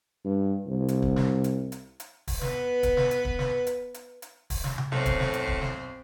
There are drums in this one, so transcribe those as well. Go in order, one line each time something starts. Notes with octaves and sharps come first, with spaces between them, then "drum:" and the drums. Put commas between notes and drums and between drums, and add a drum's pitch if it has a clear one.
G2
C2
drum: hi-hat
drum: kick
drum: snare
drum: hi-hat
drum: hi-hat
drum: hi-hat
drum: kick, open hi-hat
B3 B4, drum: snare
drum: kick, hi-hat
drum: snare
drum: hi-hat
drum: kick
drum: snare
drum: hi-hat
drum: hi-hat
drum: hi-hat
drum: kick, open hi-hat
drum: snare
drum: tom C3
B1 A2 C4 C5
drum: kick, hi-hat
drum: snare
drum: hi-hat
drum: kick
drum: snare